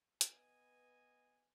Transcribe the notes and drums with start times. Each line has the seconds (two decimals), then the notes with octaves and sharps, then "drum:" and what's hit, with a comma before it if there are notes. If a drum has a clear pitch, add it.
0.21 B3 B4 D#5 G#5, drum: hi-hat